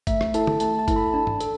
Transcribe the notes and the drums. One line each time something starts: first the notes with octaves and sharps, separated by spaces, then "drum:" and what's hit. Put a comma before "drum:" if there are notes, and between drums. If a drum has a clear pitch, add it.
A3 E5, drum: kick G1, hi-hat
drum: rim click
E4 A4 A5, drum: hi-hat
drum: tom
A3 A5, drum: hi-hat
A5
E4 A4, drum: kick G1, hi-hat
B5
D4 A5
drum: tom
A4, drum: hi-hat